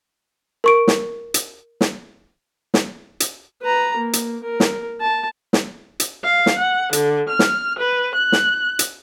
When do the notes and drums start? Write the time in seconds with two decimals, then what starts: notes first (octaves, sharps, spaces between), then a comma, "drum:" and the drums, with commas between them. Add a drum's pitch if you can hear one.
0.64 A#4 C#6 D7
0.88 drum: snare
1.34 drum: hi-hat
1.81 drum: snare
2.74 drum: snare
3.20 drum: hi-hat
3.62 B4 A#5
3.97 A#3
4.13 drum: hi-hat
4.43 A#4
4.60 drum: snare
5.01 A5
5.53 drum: snare
6.00 drum: hi-hat
6.24 F5
6.46 drum: snare
6.58 F#5
6.93 D3, drum: hi-hat
7.29 F6
7.39 drum: snare
7.78 B4
8.16 F#6
8.32 drum: snare
8.79 drum: hi-hat